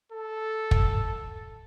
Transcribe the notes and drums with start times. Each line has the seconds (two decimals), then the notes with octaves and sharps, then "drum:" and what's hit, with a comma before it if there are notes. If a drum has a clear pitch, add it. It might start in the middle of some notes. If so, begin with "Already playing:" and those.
0.12 A4
0.71 drum: kick